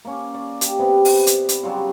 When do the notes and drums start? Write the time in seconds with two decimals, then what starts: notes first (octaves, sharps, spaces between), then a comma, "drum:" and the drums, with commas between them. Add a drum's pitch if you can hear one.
0.05 A#3 C#4
0.34 D5
0.61 G4, drum: hi-hat
0.79 C3 B3 B4
1.05 drum: open hi-hat
1.27 drum: hi-hat
1.49 drum: hi-hat
1.63 C#3 F#3 G3 F4